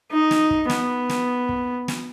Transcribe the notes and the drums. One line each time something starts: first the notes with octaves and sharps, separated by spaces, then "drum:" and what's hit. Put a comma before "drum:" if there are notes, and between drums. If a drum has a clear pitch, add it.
D#4
drum: snare
drum: kick
B3, drum: snare
drum: snare
drum: kick
drum: snare